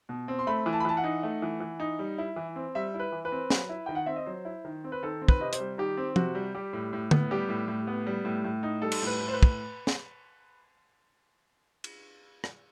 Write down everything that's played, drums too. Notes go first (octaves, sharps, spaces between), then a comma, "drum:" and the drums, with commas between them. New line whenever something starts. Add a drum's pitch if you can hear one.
B2
C4
C6
A3 B5
E3
A5
B5
E3 A5
F#5
D#4
A3
E3
E3
D#4
G3
E4
E3
C4
G3 E5
E4
B4
E3
B4
C4
F#3, drum: snare
E4
D#3 G5
F#5
C4 E5
D#5
F#3 C5
E4
D#3
C4
B4
D#3 A4
C4
B4, drum: kick
C3 D#5
C5, drum: hi-hat
G3
D#3 G4
C4
C3 F#4, drum: tom
G3
G3 G4
A2
A2
B3, drum: tom
G3 G4
A2
A2
B3
G3
A2
A2
D#4
G3 A4
drum: cymbal
A2
B4
A2
C5
B4
drum: kick
drum: snare
drum: cymbal
drum: rim click